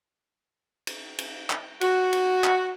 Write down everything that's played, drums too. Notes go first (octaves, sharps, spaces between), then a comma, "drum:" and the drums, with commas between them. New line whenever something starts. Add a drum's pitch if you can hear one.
drum: cymbal
drum: cymbal
drum: clap
F#4, drum: cymbal
drum: cymbal
drum: clap